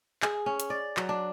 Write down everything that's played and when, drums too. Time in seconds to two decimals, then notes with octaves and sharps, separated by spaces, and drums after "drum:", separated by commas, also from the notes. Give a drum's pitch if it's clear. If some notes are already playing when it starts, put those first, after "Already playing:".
0.22 G#4, drum: clap
0.46 C#4
0.60 drum: hi-hat
0.70 D5
0.97 F#3, drum: clap
1.09 D4